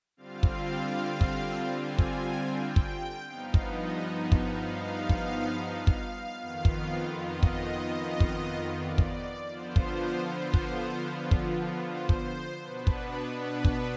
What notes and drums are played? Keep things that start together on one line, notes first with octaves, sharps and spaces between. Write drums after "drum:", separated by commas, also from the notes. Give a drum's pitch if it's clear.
D3 G3 C4 F4 F5
drum: kick
drum: kick
G#5
drum: kick
G5
drum: kick
G2 F3 B3 D#4 F5
drum: kick
D#5
drum: kick
F5
F5
drum: kick
F5
drum: kick
F2 D#3 B3 F4
drum: kick
D#5
drum: kick
drum: kick
D5
drum: kick
D3 F3 B3 F4 C5
drum: kick
C5
drum: kick
drum: kick
C5
drum: kick
B2 B3 D4 B4
drum: kick
B4
drum: kick